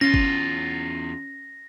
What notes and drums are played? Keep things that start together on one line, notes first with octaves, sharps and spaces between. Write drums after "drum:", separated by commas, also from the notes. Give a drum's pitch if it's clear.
E2 C#4 F4 A#6
drum: kick G1